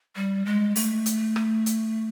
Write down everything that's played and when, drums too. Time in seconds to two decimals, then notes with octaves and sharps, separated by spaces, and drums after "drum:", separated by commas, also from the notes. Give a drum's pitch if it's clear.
0.16 G3
0.46 G#3
0.76 A3, drum: open hi-hat
1.06 drum: hi-hat
1.36 drum: rim click
1.66 drum: hi-hat